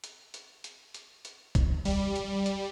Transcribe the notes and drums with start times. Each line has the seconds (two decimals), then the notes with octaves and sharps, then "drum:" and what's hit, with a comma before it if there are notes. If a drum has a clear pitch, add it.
0.04 drum: hi-hat
0.34 drum: hi-hat
0.64 drum: hi-hat
0.94 drum: hi-hat
1.25 drum: hi-hat
1.55 drum: kick, hi-hat
1.85 G3, drum: open hi-hat
2.16 drum: hi-hat
2.46 drum: hi-hat